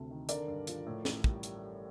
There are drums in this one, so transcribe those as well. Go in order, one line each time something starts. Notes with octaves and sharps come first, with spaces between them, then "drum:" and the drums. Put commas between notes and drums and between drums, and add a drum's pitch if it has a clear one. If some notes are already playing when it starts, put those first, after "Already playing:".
Already playing: D2 C3
D#3
D3 A#4 D5, drum: hi-hat
G2
F3, drum: hi-hat
A2
A1, drum: snare
G3, drum: kick
drum: hi-hat